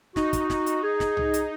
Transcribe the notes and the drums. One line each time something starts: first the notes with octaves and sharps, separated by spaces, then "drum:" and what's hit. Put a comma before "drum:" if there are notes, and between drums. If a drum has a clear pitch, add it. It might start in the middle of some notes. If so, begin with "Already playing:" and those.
D#4 F#4, drum: snare
drum: kick, hi-hat
drum: snare
drum: hi-hat
G#4
drum: snare
drum: tom C2
drum: hi-hat